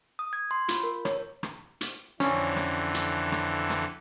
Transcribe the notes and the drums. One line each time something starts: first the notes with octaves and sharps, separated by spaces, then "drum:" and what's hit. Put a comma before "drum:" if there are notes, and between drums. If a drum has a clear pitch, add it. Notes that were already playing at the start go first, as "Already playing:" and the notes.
D#6
G#6
C6
F4, drum: hi-hat
A#4
C#5, drum: rim click
drum: rim click
drum: hi-hat
F2 D3 E3 C#4, drum: rim click
drum: rim click
drum: hi-hat
drum: rim click
drum: rim click